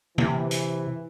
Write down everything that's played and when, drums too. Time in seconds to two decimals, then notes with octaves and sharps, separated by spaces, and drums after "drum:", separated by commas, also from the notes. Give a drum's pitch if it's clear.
0.18 C3 E3, drum: tom
0.51 drum: hi-hat